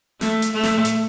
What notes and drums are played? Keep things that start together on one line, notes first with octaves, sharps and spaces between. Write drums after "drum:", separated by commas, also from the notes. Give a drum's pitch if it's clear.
A3, drum: snare
drum: hi-hat
A3
drum: snare
drum: hi-hat